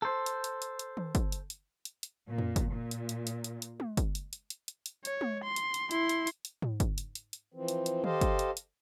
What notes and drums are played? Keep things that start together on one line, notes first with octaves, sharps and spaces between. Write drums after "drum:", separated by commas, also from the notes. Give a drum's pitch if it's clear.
A4 C5
drum: hi-hat
drum: hi-hat
drum: hi-hat
drum: hi-hat
drum: tom D#3
drum: kick, hi-hat
drum: hi-hat
drum: hi-hat
drum: hi-hat
drum: hi-hat
A#2
drum: tom F2
drum: kick, hi-hat
A#2
drum: hi-hat
drum: hi-hat
drum: hi-hat
drum: hi-hat
drum: hi-hat
drum: tom G#3
drum: kick, hi-hat
drum: hi-hat
drum: hi-hat
drum: hi-hat
drum: hi-hat
drum: hi-hat
C#5, drum: hi-hat
drum: tom G#3
C6
drum: hi-hat
drum: hi-hat
E4 C6, drum: hi-hat
drum: hi-hat
drum: hi-hat
drum: hi-hat
drum: tom G#2
drum: kick, hi-hat
drum: hi-hat
drum: hi-hat
drum: hi-hat
E3 F3 C4
drum: hi-hat
drum: hi-hat
G4 A4 C5 D#5 F5, drum: tom D#3
drum: kick, hi-hat
drum: hi-hat
drum: hi-hat